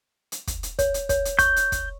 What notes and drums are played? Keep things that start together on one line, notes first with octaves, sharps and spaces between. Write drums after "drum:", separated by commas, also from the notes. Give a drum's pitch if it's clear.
drum: hi-hat
drum: kick, hi-hat
drum: hi-hat
C#5, drum: kick, hi-hat
drum: hi-hat
C#5, drum: kick, hi-hat
drum: hi-hat
C#6 G6, drum: kick, hi-hat
drum: hi-hat
drum: kick, hi-hat